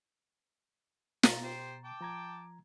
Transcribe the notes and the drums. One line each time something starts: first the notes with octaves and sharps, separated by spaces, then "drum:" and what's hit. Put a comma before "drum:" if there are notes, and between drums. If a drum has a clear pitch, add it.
B2 A#5 A6, drum: snare
G4 C5
G5 A5 D6
F3 A#5 G#6